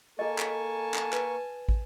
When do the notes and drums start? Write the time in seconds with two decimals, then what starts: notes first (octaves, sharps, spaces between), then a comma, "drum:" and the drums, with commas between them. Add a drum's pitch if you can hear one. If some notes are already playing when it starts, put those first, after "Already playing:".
0.19 A#3 G#4 A4 D#5 G#5 A5 C#6
0.38 drum: clap
0.94 drum: clap
1.13 B4, drum: clap
1.69 drum: kick